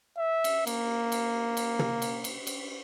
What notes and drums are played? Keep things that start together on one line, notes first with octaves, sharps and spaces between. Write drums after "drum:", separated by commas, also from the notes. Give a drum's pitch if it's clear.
E5
drum: cymbal
A#3, drum: cymbal
drum: cymbal
drum: cymbal
drum: tom
drum: cymbal
drum: cymbal
drum: cymbal